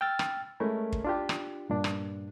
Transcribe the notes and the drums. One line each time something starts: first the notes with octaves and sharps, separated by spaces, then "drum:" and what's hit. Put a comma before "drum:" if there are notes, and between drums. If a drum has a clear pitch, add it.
G5 E6 F6 A6
drum: rim click
G#3 A3 C#4 E4 A#4
drum: kick
D4 F4 G4
drum: rim click
G2 A#2 D4
drum: rim click